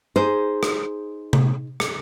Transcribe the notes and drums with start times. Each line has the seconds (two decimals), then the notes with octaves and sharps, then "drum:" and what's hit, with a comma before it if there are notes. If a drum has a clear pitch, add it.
0.16 D#4 G#4 C5
0.63 drum: rim click
1.33 drum: tom C3
1.80 drum: rim click